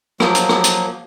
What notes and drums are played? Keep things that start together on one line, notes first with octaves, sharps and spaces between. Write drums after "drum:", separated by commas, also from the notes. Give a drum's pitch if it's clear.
F3 F#3 A#3, drum: rim click
drum: hi-hat
drum: rim click
drum: hi-hat